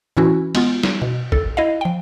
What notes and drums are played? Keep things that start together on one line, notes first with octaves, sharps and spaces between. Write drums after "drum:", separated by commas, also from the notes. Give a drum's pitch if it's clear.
A2 E3 C#4 E4 F#4
G#3 B3 F4, drum: cymbal
drum: snare
B2
A4, drum: kick
E4 D#5 F5
F3 G5